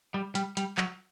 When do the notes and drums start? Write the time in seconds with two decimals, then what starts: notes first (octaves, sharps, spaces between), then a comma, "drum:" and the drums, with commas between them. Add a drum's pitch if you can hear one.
0.14 G3
0.35 G3, drum: hi-hat
0.57 G3, drum: hi-hat
0.78 F#3, drum: clap